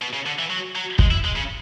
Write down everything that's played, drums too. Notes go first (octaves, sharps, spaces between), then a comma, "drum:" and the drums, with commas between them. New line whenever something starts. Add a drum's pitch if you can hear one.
B2
C#3
D3
E3
F#3
F#3
G#3, drum: kick
E4
G#3
C#3